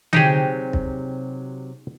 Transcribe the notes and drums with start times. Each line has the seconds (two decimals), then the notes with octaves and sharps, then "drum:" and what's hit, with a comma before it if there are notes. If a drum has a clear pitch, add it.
0.13 C3 F#3 D#4 G4 G#4, drum: tom D3
0.73 drum: kick